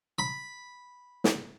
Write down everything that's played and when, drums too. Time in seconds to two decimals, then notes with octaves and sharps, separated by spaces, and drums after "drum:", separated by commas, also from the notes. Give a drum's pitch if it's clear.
0.19 B5
1.24 drum: snare